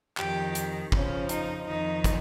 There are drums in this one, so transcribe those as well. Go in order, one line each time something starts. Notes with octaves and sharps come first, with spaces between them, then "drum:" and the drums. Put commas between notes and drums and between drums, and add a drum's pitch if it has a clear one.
F2 D#3 G4, drum: clap
drum: hi-hat
F2 C#3 F3 C#4, drum: kick
D#4, drum: hi-hat
F2 D#3 D#4
drum: kick, hi-hat